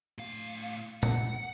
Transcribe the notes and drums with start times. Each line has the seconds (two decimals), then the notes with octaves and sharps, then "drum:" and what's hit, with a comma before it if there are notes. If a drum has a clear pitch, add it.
0.18 A2 F5
1.03 F#5, drum: tom